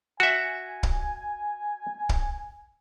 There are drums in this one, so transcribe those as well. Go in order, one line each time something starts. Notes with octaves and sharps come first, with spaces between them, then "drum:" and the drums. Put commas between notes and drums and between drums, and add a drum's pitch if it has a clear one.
F#4 E5 G#5
drum: kick
drum: kick